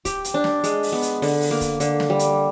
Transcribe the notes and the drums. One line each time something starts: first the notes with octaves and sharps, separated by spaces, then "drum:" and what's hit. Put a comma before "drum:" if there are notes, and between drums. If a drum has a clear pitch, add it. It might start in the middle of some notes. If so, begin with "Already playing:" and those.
G4, drum: kick, hi-hat
drum: hi-hat
D4
drum: snare
G#3, drum: hi-hat
drum: open hi-hat
B3
drum: hi-hat
D3, drum: open hi-hat
drum: open hi-hat
A#3
drum: kick, hi-hat
D3, drum: hi-hat
drum: snare
G3
drum: hi-hat